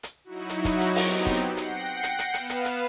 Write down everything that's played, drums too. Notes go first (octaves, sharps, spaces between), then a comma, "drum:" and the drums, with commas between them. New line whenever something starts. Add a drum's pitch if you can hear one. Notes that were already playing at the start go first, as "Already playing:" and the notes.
drum: hi-hat
F#3 D#4 E4 F#4
drum: hi-hat
drum: kick, hi-hat
drum: hi-hat
F#3 B3 C4 D#4 G4, drum: open hi-hat
drum: kick
F#5 G5 A#6 C7 C#7
drum: hi-hat
drum: hi-hat
drum: hi-hat
B3 B4 F5 E7, drum: hi-hat
drum: hi-hat
drum: hi-hat